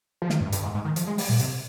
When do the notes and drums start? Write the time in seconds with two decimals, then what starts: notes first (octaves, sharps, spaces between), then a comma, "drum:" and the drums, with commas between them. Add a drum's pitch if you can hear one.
0.22 F3
0.30 D#3, drum: snare
0.41 G2
0.52 G2, drum: hi-hat
0.63 G#2
0.75 G#2
0.85 D#3
0.96 F3, drum: hi-hat
1.07 G#3
1.18 G3, drum: open hi-hat
1.29 A#2
1.40 C3, drum: hi-hat